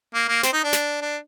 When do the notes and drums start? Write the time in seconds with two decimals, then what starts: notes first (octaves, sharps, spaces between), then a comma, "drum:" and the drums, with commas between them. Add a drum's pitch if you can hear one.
0.14 A#3
0.28 A#3
0.43 C4, drum: snare
0.53 D#4
0.64 D4
0.73 drum: snare
1.02 D4